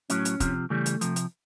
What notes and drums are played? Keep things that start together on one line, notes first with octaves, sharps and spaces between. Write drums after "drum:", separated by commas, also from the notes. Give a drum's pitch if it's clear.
A2 F#3 C#4, drum: hi-hat
drum: hi-hat
C3 F3, drum: kick, hi-hat
C#3 E3 G3 A3
drum: hi-hat
C3 F3, drum: hi-hat
drum: hi-hat